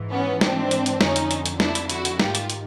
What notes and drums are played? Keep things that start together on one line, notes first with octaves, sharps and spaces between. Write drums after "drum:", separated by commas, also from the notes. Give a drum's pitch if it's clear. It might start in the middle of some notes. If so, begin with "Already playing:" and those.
Already playing: G#2 E3
B3 C#4
C4 D4, drum: snare
drum: hi-hat
drum: hi-hat
F2 D3 C#4 D#4, drum: snare
drum: hi-hat
drum: hi-hat
drum: hi-hat
D4 E4, drum: snare
drum: hi-hat
E4 F#4, drum: hi-hat
drum: hi-hat
G#2 D#3 F4 G4, drum: snare
drum: hi-hat
drum: hi-hat